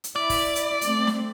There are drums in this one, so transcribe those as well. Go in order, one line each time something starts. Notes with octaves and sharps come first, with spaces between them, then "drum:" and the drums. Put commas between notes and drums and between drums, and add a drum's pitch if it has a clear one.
drum: hi-hat
E4 D5
drum: kick, open hi-hat
drum: hi-hat
A3 C4, drum: hi-hat
drum: snare